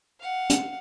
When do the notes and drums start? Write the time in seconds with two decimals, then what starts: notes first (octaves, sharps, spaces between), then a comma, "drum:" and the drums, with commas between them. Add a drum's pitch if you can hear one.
0.20 F5 F#5
0.50 drum: hi-hat